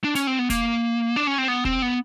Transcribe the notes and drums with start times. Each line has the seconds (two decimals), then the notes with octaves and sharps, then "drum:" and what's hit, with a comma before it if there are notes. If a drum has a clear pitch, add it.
0.04 D4
0.15 C#4, drum: hi-hat
0.27 C4
0.39 B3
0.50 A#3, drum: kick, hi-hat
1.16 D4
1.27 C#4
1.38 C4
1.48 B3
1.65 C4, drum: kick
1.82 B3